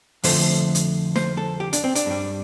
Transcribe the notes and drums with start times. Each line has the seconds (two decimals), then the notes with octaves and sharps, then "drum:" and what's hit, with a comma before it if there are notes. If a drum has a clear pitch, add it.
0.23 F2 D3 F3 A3 C5, drum: open hi-hat
0.75 drum: hi-hat
1.16 C5, drum: snare
1.37 A4
1.60 G4
1.73 D4, drum: hi-hat
1.84 C4
1.95 D4, drum: hi-hat
2.06 G2 G3